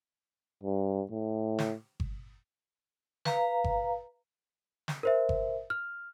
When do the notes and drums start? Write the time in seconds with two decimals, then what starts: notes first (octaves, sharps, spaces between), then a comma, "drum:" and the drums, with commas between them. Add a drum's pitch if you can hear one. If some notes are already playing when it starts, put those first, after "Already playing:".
0.63 G2
1.12 A2
1.59 drum: snare
2.00 drum: kick G1
3.25 B4 F5 A#5, drum: snare
3.64 drum: kick G1
4.88 drum: snare
5.03 A#4 C5 E5
5.29 drum: kick G1
5.70 F6